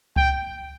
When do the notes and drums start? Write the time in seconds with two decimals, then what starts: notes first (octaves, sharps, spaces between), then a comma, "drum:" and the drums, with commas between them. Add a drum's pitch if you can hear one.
0.16 G5, drum: kick C#2